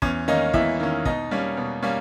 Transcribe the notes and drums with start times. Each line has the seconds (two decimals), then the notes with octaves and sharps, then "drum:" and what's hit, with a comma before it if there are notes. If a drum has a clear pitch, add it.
0.02 E2 C#4 C#5, drum: kick
0.28 D#3 A#3 C#4 D#4 D#5
0.53 E2 E4 E5, drum: kick
0.80 D#3 A#3 C#4
1.05 B2 D#4 D#5, drum: kick
1.31 G3 A#3 C#4
1.57 B2
1.83 G3 A#3 C#4